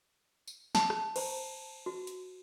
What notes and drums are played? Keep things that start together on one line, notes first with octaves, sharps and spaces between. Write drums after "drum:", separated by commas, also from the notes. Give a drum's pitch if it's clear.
drum: tambourine
A5, drum: snare
drum: rim click
C5 A#5, drum: cymbal
F#4
drum: hi-hat